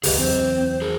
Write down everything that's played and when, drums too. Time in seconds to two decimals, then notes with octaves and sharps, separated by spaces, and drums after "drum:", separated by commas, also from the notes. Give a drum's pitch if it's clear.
0.03 F#1 C#2 D3 G4 G#4 B4 D#5, drum: open hi-hat
0.18 E2 E3 F#3 C4 C5
0.82 G#4 A#4